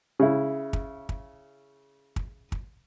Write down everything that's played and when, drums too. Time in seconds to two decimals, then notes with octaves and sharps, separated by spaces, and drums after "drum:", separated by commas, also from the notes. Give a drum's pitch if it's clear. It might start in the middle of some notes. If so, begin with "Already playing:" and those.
0.20 C#3 E4
0.73 drum: kick
1.09 drum: kick
2.16 drum: kick
2.52 drum: kick